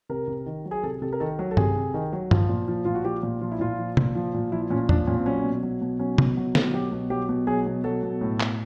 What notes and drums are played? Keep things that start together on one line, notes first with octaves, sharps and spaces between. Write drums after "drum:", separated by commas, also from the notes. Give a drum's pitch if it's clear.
C3 A#4
C3
D#3
F#3
G#4
C3 A4
C3 A4
A#4
D#3 A4
F#3
A4
C3 G#4, drum: tom G2
C3
D#3
F#3
F3, drum: tom G2
A#2
F3
A#2 F4
F#4
F3 G4
A#2
F3 F4
E4
A#2 F4
F3
A#2, drum: tom
F3
A#2
F3 E4
A#2 C#4
F3 D4, drum: tom E2
A#2 C#4
C4
F#3 C#4
B2
F#3
B2
F#3 C#4
B2, drum: tom
F#3
B2, drum: snare
F#3 G4
B2
F#3 G4
B2
F#3 G#4
B2
F#3 A4
B2
A2
A2, drum: clap